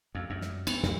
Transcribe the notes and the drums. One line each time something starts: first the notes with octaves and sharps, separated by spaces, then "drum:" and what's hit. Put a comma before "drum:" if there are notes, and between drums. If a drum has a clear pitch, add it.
F2
F#2
drum: snare
B3, drum: cymbal
F2, drum: snare